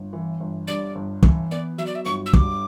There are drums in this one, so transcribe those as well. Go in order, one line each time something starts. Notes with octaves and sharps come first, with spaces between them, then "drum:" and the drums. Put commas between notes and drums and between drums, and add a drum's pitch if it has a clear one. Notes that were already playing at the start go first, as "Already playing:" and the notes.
Already playing: G1
E3
G1
G2 D5
G1
E3, drum: kick
B3 D5
F#3 E5
D5
E5
G1 C#6
E6
G2 D6, drum: kick